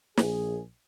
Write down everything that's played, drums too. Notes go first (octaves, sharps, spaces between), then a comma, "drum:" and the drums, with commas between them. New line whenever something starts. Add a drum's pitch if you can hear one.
A#1 G#4, drum: snare